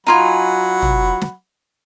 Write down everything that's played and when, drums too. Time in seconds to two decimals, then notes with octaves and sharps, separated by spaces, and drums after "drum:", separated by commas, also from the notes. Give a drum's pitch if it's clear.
0.07 F#3 D#4 F4 F#5 G#5 B5
0.82 drum: tom
1.21 drum: snare